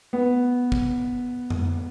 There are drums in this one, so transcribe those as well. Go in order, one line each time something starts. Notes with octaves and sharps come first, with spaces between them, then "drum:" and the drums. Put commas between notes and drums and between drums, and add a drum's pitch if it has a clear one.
B3
drum: kick
drum: tom F2